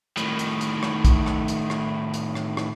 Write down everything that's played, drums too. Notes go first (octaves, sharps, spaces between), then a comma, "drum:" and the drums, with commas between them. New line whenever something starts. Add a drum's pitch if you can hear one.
A2 D#3, drum: hi-hat
drum: hi-hat
drum: hi-hat
drum: rim click
drum: kick, hi-hat
drum: rim click
drum: hi-hat
drum: rim click
drum: hi-hat
drum: rim click
drum: rim click